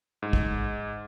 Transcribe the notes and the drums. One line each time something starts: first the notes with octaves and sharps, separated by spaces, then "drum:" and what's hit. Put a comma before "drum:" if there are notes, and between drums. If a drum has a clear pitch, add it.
G#2
drum: kick